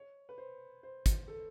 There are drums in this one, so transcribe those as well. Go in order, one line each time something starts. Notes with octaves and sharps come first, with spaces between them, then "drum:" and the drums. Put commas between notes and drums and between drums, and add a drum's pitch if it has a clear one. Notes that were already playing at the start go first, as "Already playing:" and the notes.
Already playing: C#5
B4
C5
C5
drum: kick, hi-hat
A4